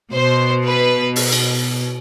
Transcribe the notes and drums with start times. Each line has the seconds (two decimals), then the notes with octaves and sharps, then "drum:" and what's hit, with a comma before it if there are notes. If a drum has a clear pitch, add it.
0.12 B2 C5
0.65 B4
1.16 drum: open hi-hat
1.32 drum: cymbal